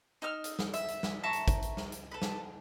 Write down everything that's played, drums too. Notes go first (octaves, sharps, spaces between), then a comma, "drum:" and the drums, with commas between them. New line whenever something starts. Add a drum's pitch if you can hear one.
D#4 E6 F6
drum: hi-hat
drum: snare
E5, drum: hi-hat
drum: hi-hat
drum: snare
E5 A5 A#5 C#6
drum: hi-hat
drum: kick, hi-hat
drum: hi-hat
drum: snare
drum: hi-hat
A4 B4
drum: snare